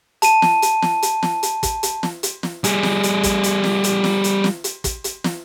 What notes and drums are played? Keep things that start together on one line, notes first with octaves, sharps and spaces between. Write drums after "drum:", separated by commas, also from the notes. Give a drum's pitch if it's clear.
A5 D#7, drum: hi-hat
drum: snare
drum: hi-hat
drum: snare
drum: hi-hat
drum: snare
drum: hi-hat
drum: kick, hi-hat
drum: hi-hat
drum: snare
drum: hi-hat
drum: snare
G3 G#4, drum: hi-hat
drum: snare
drum: hi-hat
drum: kick, hi-hat
drum: hi-hat
drum: snare
drum: hi-hat
drum: snare
drum: hi-hat
drum: snare
drum: hi-hat
drum: kick, hi-hat
drum: hi-hat
drum: snare